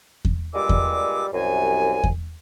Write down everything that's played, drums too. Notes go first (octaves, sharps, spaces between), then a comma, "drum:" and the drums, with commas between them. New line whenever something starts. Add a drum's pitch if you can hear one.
drum: kick E2
G2 A#2 G3 G#3 D6 E6
drum: kick E2
C2 F#2 G#5
drum: kick E2